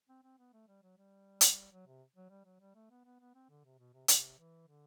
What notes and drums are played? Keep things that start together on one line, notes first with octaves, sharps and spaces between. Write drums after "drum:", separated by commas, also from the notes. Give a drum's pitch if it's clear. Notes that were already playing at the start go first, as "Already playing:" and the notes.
C4
C4
B3
A3
G3
F#3
G3
drum: hi-hat
F#3
C3
F#3
G3
F#3
G3
A3
B3
B3
B3
C4
D3
C3
B2
C3
C3, drum: hi-hat
E3
D3